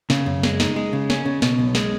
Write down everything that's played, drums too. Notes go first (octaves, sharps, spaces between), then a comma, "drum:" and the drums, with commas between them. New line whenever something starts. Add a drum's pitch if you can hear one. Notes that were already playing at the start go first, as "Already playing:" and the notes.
C#3, drum: snare
F#2
G#3, drum: snare
D#4, drum: snare
G#3
C#3
C#4, drum: snare
C#3
B2, drum: snare
B1
G#3, drum: snare